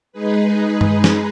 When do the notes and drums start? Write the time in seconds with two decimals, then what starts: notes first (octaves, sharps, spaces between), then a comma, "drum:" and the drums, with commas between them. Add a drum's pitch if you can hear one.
0.12 G#3 D#4 G#4 B4
0.81 drum: tom G2
1.04 drum: snare